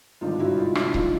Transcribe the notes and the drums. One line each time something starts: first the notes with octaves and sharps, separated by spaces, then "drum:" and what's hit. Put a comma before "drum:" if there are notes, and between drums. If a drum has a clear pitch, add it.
G#1 G2 D3 G3 D#4 F4
E4 F#4
D#4 F4
D4 E4, drum: rim click
D3 F3 D#4 F4, drum: kick C#1